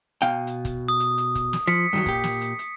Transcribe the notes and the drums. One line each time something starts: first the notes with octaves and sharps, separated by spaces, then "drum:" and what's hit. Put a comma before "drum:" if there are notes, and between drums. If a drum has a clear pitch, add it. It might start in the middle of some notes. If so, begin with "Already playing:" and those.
B2 F5 G5
drum: hi-hat
drum: kick, hi-hat
D#6
drum: hi-hat
drum: hi-hat
drum: kick, hi-hat
drum: snare
F3 B6 C#7
G2 D#3 F#3
A#2 G4, drum: kick, hi-hat
drum: snare
drum: hi-hat
drum: hi-hat